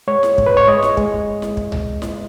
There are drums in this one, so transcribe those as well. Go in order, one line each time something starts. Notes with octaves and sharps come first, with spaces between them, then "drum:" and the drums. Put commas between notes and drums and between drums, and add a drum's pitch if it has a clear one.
G#3 C#5
drum: snare E4
G#2, drum: kick
B4
C#5
G#3 D#5
drum: snare E4
G#3, drum: kick
drum: snare E4
drum: kick
drum: tom C2
drum: snare E4